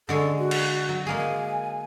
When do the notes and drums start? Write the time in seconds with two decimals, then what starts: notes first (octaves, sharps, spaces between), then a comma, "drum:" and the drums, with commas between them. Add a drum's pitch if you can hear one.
0.09 D3 G#3 A4 C#5
0.39 F#4
0.51 drum: cymbal
0.89 F#3
1.07 G#3 A#3 G#4 G#5